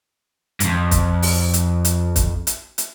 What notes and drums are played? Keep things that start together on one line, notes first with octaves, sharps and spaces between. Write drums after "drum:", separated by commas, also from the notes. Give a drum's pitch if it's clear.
F2 G#2, drum: hi-hat
drum: kick, hi-hat
drum: open hi-hat
drum: hi-hat
drum: hi-hat
drum: kick, hi-hat
drum: hi-hat
drum: hi-hat